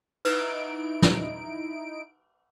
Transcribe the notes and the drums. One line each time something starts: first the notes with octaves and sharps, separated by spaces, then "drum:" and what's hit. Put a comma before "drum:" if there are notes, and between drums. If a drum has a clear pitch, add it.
D#4 E4 B4 D7, drum: cymbal
drum: snare